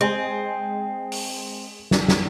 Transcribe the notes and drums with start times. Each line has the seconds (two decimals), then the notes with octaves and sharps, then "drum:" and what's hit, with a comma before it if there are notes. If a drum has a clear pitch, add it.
0.01 G#3 C4 G#5
1.12 drum: open hi-hat
1.91 drum: snare
2.08 drum: snare